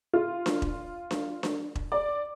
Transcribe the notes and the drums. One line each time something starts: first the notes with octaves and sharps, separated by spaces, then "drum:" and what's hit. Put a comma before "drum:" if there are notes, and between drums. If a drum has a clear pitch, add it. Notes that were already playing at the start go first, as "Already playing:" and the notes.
F4
drum: snare D4
drum: kick E1
drum: snare D4
drum: snare D4
drum: kick E1
D5